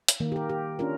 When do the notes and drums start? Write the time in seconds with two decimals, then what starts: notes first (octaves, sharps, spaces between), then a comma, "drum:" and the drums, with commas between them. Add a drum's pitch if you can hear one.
0.08 drum: hi-hat
0.20 D#3 A#3
0.32 G4 A#4
0.49 G4
0.79 C#4 D4 F4 A#4